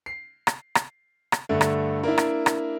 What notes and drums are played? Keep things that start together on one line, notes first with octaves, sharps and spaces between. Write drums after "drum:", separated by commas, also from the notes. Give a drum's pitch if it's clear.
C7
drum: rim click
drum: rim click
drum: rim click
G2 D3 A3
drum: rim click
A#3 D4 E4
drum: rim click
drum: rim click